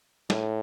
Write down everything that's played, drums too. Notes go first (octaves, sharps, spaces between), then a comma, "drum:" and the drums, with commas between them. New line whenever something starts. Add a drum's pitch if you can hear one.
A2, drum: snare